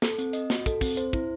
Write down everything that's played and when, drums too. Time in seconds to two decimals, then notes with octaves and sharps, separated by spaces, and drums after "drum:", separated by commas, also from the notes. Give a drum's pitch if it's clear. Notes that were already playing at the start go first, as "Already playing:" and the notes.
0.02 A4, drum: snare
0.18 C4, drum: hi-hat
0.33 D#5, drum: hi-hat
0.50 F#4, drum: snare
0.66 A4, drum: kick, hi-hat
0.81 C4, drum: kick, open hi-hat
0.97 C5, drum: hi-hat
1.13 E4, drum: kick